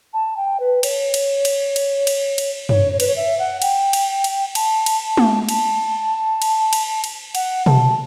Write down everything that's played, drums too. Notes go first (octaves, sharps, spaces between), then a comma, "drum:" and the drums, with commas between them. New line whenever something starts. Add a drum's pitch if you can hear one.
A5
G5
B4
C#5, drum: cymbal
drum: cymbal
drum: cymbal
drum: cymbal
drum: cymbal
drum: cymbal
C#5, drum: tom F#2
C#5
B4, drum: cymbal
C#5
E5
F#5
G5, drum: cymbal
drum: cymbal
drum: cymbal
A5, drum: cymbal
drum: cymbal
drum: tom G#3
A5, drum: cymbal
drum: cymbal
drum: cymbal
drum: cymbal
F#5, drum: cymbal
A5, drum: tom B2